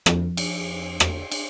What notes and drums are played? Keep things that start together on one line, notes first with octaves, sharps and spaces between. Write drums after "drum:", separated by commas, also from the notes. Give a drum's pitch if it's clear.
F2, drum: rim click
drum: cymbal
drum: rim click
drum: cymbal